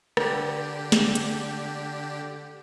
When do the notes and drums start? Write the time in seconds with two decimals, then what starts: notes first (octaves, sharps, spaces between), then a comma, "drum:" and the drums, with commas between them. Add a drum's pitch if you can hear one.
0.17 D3 G4, drum: rim click
0.92 drum: snare
1.15 drum: hi-hat